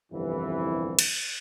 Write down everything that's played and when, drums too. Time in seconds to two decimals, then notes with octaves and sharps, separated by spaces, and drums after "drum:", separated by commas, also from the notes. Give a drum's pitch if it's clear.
0.12 G1 C2 F2 E3
0.99 drum: cymbal